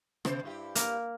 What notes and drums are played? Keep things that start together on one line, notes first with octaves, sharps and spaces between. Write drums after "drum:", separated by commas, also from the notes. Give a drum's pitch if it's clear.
C3 B3 C5, drum: rim click
G2 E4 G4
A#3 A#4, drum: hi-hat